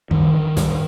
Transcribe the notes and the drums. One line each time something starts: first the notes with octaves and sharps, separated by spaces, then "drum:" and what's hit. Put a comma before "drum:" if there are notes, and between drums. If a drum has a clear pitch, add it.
G2 D#3, drum: kick
D3
G2, drum: snare